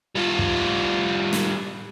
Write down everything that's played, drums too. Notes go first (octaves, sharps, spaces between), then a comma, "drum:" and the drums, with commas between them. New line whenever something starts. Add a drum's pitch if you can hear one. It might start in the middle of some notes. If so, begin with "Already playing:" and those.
G3 F4
drum: kick
drum: snare